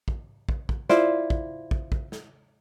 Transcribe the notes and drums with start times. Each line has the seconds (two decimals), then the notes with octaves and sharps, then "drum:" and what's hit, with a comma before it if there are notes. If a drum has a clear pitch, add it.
0.08 drum: kick
0.49 drum: kick
0.69 drum: kick
0.89 E4 F4 C5 D5, drum: snare
1.30 drum: kick
1.71 drum: kick
1.92 drum: kick
2.12 drum: snare